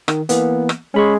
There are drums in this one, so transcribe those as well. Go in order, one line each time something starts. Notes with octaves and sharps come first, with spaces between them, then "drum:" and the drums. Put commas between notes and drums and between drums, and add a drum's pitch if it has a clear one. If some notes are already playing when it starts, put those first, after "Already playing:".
D#3, drum: rim click
E3 A#3 B3, drum: hi-hat
drum: rim click
G#3 C#4 B5 C#6